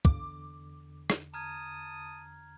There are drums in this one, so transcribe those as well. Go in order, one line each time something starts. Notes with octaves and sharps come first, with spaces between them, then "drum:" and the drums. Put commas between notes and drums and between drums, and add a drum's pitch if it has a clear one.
E2 D3 D6, drum: kick
drum: rim click
A5 A#5 D#6 F6 G#6